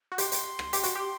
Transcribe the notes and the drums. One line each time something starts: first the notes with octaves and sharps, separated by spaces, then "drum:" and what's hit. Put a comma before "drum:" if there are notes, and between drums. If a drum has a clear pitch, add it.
F#4
G4 C6, drum: hi-hat
drum: hi-hat
drum: rim click
G4, drum: hi-hat
F#4, drum: hi-hat
G4